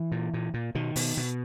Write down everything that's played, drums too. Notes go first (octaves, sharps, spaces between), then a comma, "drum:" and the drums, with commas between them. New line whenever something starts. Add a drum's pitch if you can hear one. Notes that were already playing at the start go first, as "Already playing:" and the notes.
Already playing: E3
A#2
A#2
A#2
B2 D#3
B2, drum: open hi-hat
B2